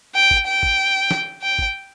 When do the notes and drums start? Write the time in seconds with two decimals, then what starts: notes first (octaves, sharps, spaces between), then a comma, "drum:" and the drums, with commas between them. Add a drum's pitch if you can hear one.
0.15 G5
0.31 drum: kick
0.47 G5
0.63 drum: kick
1.11 drum: snare
1.42 G5
1.59 drum: kick